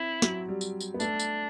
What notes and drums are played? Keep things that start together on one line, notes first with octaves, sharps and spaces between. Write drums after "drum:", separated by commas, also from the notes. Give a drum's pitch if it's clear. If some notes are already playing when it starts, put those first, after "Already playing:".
Already playing: C4 E4
F#3, drum: snare
G3
drum: tambourine
drum: tambourine
B3
A3 D4, drum: tambourine
drum: tambourine